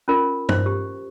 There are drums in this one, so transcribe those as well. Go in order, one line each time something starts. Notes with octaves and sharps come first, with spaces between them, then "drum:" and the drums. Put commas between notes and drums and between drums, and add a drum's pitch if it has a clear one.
C#4 F4 A#4
C5, drum: tom G2
G4